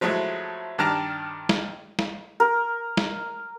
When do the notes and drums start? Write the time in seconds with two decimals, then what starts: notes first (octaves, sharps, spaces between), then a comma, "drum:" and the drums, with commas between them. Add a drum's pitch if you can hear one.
0.01 F3 F#3 G#3 A3 E4
0.78 G2 D#3 D4 A5 A#5 F6
1.49 drum: snare
1.99 drum: snare
2.40 A#4
2.97 drum: snare